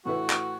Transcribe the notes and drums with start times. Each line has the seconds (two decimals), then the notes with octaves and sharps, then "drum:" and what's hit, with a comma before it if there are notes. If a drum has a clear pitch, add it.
0.05 A2 E3 A3 E4 F#4 B4
0.30 drum: clap